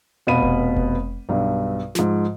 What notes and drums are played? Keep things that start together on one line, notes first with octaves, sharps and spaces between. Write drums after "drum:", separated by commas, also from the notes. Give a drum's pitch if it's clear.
F1 B2 B3 F5 B5 D#7
drum: kick F1
drum: kick F1
B1 G2
G#2 F3, drum: snare